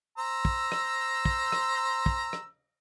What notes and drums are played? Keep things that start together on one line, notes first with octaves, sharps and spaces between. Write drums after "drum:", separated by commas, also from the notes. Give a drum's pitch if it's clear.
C5 A#5 E6
drum: kick
drum: rim click
drum: kick
drum: rim click
drum: kick
drum: rim click